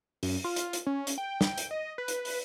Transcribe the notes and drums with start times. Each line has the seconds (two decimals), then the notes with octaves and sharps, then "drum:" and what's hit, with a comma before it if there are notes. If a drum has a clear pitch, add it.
0.23 F#2, drum: open hi-hat
0.44 F4
0.56 drum: hi-hat
0.73 drum: hi-hat
0.87 C#4
1.07 drum: hi-hat
1.18 G5
1.41 drum: snare
1.58 drum: hi-hat
1.71 D#5
1.98 B4
2.08 drum: hi-hat
2.25 drum: open hi-hat